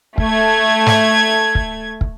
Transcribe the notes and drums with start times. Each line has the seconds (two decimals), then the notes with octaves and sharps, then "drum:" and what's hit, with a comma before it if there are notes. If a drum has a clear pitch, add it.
0.18 A3 G#6, drum: kick
0.86 drum: snare
1.55 drum: kick
2.01 drum: kick